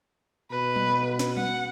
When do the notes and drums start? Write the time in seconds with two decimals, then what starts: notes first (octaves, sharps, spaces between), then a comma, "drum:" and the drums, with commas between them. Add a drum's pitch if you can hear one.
0.52 B2 B4
0.76 drum: tom F#3
1.19 drum: snare
1.37 F#5, drum: tom F#3